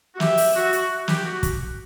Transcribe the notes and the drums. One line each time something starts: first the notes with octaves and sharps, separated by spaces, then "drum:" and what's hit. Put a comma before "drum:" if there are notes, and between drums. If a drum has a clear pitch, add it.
F#4
G4 E5, drum: snare
drum: open hi-hat
F#4
F#4, drum: hi-hat
G4, drum: snare
F#4
drum: kick, hi-hat